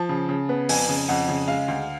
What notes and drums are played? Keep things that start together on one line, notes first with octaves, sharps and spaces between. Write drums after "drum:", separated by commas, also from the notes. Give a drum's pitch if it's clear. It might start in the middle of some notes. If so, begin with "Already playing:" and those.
Already playing: F3 A5
C#3
C#3
B3
F2 G#5, drum: open hi-hat
C#3
F2 F#5
C#3
G#3 F5
D2